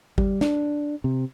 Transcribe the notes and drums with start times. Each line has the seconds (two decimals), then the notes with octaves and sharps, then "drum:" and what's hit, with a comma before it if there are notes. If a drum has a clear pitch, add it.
0.18 G3, drum: kick G1
0.41 D4, drum: snare
1.04 C3